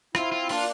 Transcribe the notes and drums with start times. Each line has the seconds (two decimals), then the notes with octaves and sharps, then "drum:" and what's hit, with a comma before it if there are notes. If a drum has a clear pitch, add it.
0.15 C4 E4 F4, drum: rim click
0.32 F4
0.49 A#3 D4 F4, drum: open hi-hat